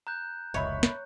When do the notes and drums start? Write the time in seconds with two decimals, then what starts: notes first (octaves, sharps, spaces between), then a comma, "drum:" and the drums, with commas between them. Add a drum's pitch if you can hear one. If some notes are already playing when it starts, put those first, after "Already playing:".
0.07 A#5 F#6 G6
0.54 F1 C#2 C#5 D#5 E5 B5
0.83 drum: snare